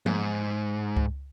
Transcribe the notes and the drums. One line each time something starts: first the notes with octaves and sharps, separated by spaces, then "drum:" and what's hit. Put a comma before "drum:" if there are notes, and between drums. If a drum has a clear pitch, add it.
G#2, drum: tom F3
drum: kick C#2